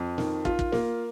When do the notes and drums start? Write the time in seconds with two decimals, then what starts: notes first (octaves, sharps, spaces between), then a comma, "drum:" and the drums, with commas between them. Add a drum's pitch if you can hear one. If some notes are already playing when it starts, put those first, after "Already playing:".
Already playing: F2
0.18 D#3, drum: snare
0.45 F4, drum: kick
0.59 drum: kick
0.72 A#3, drum: snare